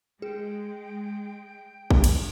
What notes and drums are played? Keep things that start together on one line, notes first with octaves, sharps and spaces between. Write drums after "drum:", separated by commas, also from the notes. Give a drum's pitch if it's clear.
G#3 G#4 G5
drum: kick
drum: cymbal